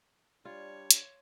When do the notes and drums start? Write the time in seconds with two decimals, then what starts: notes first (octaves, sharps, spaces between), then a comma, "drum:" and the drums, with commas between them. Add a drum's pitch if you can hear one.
0.45 G3 D4 F4 C#5
0.91 drum: hi-hat